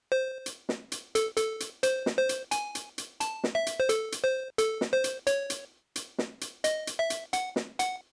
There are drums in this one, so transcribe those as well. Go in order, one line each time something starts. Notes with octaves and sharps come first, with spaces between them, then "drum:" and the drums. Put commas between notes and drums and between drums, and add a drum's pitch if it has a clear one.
C5
drum: hi-hat
drum: snare
drum: hi-hat
A4, drum: hi-hat
A4, drum: hi-hat
drum: hi-hat
C5, drum: hi-hat
drum: snare
C5
drum: hi-hat
G#5, drum: hi-hat
drum: hi-hat
drum: hi-hat
A5, drum: hi-hat
drum: snare
E5
drum: hi-hat
C5
A4, drum: hi-hat
drum: hi-hat
C5
A4, drum: hi-hat
drum: snare
C5
drum: hi-hat
C#5, drum: hi-hat
drum: hi-hat
drum: hi-hat
drum: snare
drum: hi-hat
D#5, drum: hi-hat
drum: hi-hat
E5
drum: hi-hat
F#5, drum: hi-hat
drum: snare
F#5, drum: hi-hat